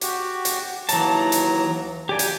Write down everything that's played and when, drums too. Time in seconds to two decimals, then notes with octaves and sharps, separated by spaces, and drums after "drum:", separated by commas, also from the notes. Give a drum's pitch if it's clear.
0.01 F#4 G4, drum: hi-hat
0.45 drum: hi-hat
0.89 D#2 E3 F#3 A5 A#5, drum: hi-hat
1.32 drum: hi-hat
2.09 A#3 G4 D5 G#5
2.19 drum: hi-hat